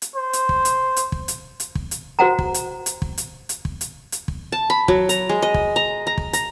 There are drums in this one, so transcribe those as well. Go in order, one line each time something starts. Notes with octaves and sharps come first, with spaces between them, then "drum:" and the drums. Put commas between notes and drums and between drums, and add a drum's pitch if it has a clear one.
drum: hi-hat
C5
drum: hi-hat
drum: kick
drum: hi-hat
drum: hi-hat
drum: kick
drum: hi-hat
drum: hi-hat
drum: kick
drum: hi-hat
F#4 C5 F#5 A#5
drum: kick
drum: hi-hat
drum: hi-hat
drum: kick
drum: hi-hat
drum: hi-hat
drum: kick
drum: hi-hat
drum: hi-hat
drum: kick
A5
B5
F#3, drum: kick
A#5, drum: hi-hat
G#3
D#5
drum: kick
A#5
A#5
drum: kick
A#5, drum: hi-hat